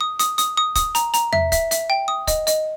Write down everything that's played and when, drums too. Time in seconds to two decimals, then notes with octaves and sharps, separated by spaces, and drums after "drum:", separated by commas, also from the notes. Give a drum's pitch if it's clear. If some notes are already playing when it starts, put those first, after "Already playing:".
0.01 D#6
0.19 D#6, drum: hi-hat
0.38 D#6, drum: hi-hat
0.57 D#6
0.76 D#6, drum: kick, hi-hat
0.95 A#5, drum: hi-hat
1.14 A#5, drum: hi-hat
1.33 E5, drum: tom E2
1.52 E5, drum: kick, hi-hat
1.71 E5, drum: hi-hat
1.90 G5
2.08 D#6
2.27 D#5, drum: kick, hi-hat
2.47 D#5, drum: hi-hat